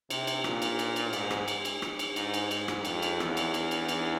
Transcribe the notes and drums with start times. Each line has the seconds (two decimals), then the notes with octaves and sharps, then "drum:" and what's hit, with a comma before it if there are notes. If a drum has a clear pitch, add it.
0.10 C3, drum: cymbal
0.27 drum: cymbal
0.44 A#2, drum: rim click
0.62 drum: cymbal
0.79 drum: cymbal
0.96 drum: cymbal
1.13 G#2, drum: cymbal
1.31 drum: rim click
1.48 drum: cymbal
1.65 drum: cymbal
1.82 drum: rim click
1.99 drum: cymbal
2.16 G#2, drum: cymbal
2.34 drum: cymbal
2.51 G#2, drum: cymbal
2.68 drum: rim click
2.85 F2, drum: cymbal
3.02 drum: cymbal
3.20 E2, drum: rim click
3.37 drum: cymbal
3.54 drum: cymbal
3.71 drum: cymbal
3.89 E2, drum: cymbal